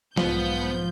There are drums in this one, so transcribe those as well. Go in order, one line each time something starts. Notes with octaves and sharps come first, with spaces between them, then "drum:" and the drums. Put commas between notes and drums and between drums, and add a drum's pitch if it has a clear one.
B1 G#2 F3 B3 G6, drum: snare